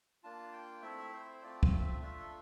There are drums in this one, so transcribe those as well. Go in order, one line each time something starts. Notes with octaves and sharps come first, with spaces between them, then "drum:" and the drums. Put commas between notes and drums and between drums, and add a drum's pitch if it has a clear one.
A#3 D4 F4 A5
G5
A3 C4 E4 E5
C5
A3 C4 F4 D5
drum: kick
E5
A3 D4 F4 E5
A4